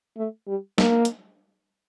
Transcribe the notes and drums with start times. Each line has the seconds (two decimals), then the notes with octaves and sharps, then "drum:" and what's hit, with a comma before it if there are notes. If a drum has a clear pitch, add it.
0.17 A3
0.47 G3
0.78 A#3, drum: snare
1.05 drum: hi-hat